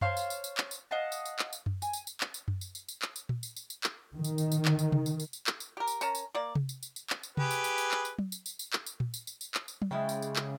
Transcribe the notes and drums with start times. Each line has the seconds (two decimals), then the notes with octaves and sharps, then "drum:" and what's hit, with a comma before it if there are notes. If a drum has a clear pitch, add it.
0.01 C5 C#5 F5 A5, drum: tom F#2
0.17 drum: tambourine
0.30 drum: tambourine
0.44 drum: tambourine
0.57 drum: clap
0.71 drum: tambourine
0.91 D#5 F5 F#5 A5
1.12 drum: tambourine
1.25 drum: tambourine
1.39 drum: clap
1.53 drum: tambourine
1.66 drum: tom F#2
1.82 G#5, drum: tambourine
1.93 drum: tambourine
2.07 drum: tambourine
2.21 drum: clap
2.34 drum: tambourine
2.48 drum: tom F#2
2.61 drum: tambourine
2.75 drum: tambourine
2.89 drum: tambourine
3.02 drum: clap
3.16 drum: tambourine
3.29 drum: tom A#2
3.43 drum: tambourine
3.56 drum: tambourine
3.70 drum: tambourine
3.84 drum: clap
4.14 D#3
4.24 drum: tambourine
4.38 drum: tambourine
4.52 drum: tambourine
4.65 drum: clap
4.79 drum: tambourine
4.92 drum: tom C3
5.06 drum: tambourine
5.20 drum: tambourine
5.33 drum: tambourine
5.47 drum: clap
5.60 drum: tambourine
5.77 G4 A#4
5.87 drum: tambourine
6.01 C#4 A#4 A5 A#5, drum: tambourine
6.15 drum: tambourine
6.35 A#3 D5
6.55 drum: tom C3
6.69 drum: tambourine
6.83 drum: tambourine
6.96 drum: tambourine
7.10 drum: clap
7.23 drum: tambourine
7.37 G4 G#4 B4, drum: tom C3
7.51 drum: tambourine
7.64 drum: tambourine
7.78 drum: tambourine
7.91 drum: clap
8.05 drum: tambourine
8.19 drum: tom F#3
8.32 drum: tambourine
8.46 drum: tambourine
8.59 drum: tambourine
8.73 drum: clap
8.86 drum: tambourine
9.00 drum: tom A#2
9.14 drum: tambourine
9.27 drum: tambourine
9.41 drum: tambourine
9.54 drum: clap
9.68 drum: tambourine
9.82 drum: tom F#3
9.91 C#3 G#3 E4 D5 G5
10.09 drum: tambourine
10.22 drum: tambourine
10.36 drum: clap